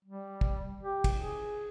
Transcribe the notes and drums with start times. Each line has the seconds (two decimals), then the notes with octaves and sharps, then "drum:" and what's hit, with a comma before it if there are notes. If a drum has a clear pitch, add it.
0.05 G3
0.41 drum: kick
0.83 G4
1.04 drum: kick, cymbal
1.17 G#4